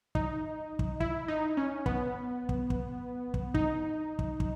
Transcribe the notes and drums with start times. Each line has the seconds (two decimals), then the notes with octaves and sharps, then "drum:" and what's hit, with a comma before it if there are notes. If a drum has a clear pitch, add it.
0.15 D#4, drum: kick
0.79 drum: kick
1.00 E4, drum: kick
1.28 D#4
1.57 C#4
1.86 B3, drum: kick
2.49 drum: kick
2.70 drum: kick
3.34 drum: kick
3.54 D#4, drum: kick
4.19 drum: kick
4.40 drum: kick